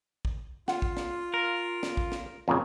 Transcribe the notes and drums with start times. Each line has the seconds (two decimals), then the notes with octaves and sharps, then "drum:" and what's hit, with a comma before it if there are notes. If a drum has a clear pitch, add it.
0.25 drum: kick
0.68 F4 F#5, drum: snare
0.82 drum: kick
0.97 drum: snare
1.34 A#4
1.83 drum: snare
1.97 drum: kick
2.12 drum: snare
2.48 F2 A#2 C#3